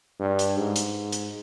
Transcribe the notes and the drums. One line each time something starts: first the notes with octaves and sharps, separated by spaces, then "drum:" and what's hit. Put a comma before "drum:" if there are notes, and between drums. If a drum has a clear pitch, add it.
G2
drum: hi-hat
G#2
drum: hi-hat
drum: hi-hat